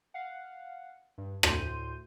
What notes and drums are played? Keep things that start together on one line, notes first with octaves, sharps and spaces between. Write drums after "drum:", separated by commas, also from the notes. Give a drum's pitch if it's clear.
F5 F#5
G2
D2 A2 C6 G6 D#7, drum: rim click